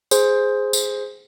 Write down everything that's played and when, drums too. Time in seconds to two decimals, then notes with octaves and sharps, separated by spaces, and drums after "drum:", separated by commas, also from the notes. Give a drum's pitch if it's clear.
0.11 G#4 C5, drum: tambourine
0.73 drum: tambourine